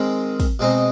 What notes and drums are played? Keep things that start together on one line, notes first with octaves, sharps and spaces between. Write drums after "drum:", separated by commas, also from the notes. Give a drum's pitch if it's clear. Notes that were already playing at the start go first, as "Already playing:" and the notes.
Already playing: D#3 G#3 C4
drum: kick, open hi-hat
B2 G#3 C4 D#4